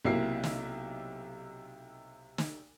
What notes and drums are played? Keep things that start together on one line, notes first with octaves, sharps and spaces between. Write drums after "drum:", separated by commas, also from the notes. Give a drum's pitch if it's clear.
B1 C3 A#3 E4 C7
drum: snare
drum: snare